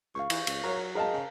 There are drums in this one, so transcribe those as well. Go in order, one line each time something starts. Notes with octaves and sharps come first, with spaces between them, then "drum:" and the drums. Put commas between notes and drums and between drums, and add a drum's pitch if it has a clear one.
C#2 F5 C#6
E3, drum: cymbal
C#2, drum: cymbal
F#3 A#4 C#5
G#4 A#4 D#5 F5 A5
C#3